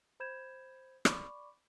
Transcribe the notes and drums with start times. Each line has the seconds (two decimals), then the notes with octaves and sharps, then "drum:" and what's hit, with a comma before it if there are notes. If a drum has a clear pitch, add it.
0.20 C5 B5 G6 G#6 E7
1.05 D5 B5 C#6 D6, drum: rim click